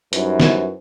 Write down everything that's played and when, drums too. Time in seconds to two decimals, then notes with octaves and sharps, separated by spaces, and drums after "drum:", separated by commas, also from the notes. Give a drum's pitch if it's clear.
0.13 F#2 G3 D#4 E4 B4 C5, drum: hi-hat
0.40 drum: snare